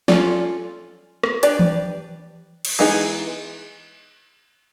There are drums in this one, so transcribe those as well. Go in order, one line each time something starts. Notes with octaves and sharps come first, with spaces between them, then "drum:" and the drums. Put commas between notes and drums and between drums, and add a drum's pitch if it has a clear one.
C#4 F4 A4 D5, drum: snare
drum: rim click
D4 G4 B4 D5, drum: hi-hat
drum: tom E3
drum: cymbal
E3 G#3 B3 D#4 G#4